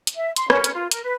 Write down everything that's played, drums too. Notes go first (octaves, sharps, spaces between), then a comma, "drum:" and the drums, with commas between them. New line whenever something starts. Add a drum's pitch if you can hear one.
drum: hi-hat
E5
C6, drum: hi-hat
C#4, drum: rim click
drum: hi-hat
F4
A#4, drum: hi-hat
B4